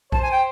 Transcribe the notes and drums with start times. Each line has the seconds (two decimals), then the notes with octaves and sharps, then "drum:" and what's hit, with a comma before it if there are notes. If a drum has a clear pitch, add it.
0.12 C5 A5, drum: kick B1
0.22 G#5
0.31 G5